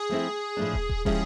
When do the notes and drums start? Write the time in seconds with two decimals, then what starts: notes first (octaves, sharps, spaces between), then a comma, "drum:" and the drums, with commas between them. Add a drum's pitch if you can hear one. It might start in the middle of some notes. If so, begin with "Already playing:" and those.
Already playing: G#4
0.09 F3 A3 C4 E4
0.57 A2 F3 A3 D4
0.73 drum: kick
0.89 drum: kick
1.05 F3 G#3 C#4 E4 G4 G#4, drum: kick